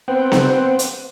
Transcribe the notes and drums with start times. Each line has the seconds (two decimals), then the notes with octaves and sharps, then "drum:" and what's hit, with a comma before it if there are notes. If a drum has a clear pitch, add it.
0.08 B3 C4 C5 F#5 G5
0.32 drum: snare B3
0.79 drum: hi-hat